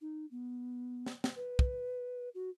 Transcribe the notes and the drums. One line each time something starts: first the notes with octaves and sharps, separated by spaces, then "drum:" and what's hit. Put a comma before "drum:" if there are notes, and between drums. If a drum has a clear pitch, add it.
D#4
B3
drum: snare
drum: snare
B4
drum: kick
F#4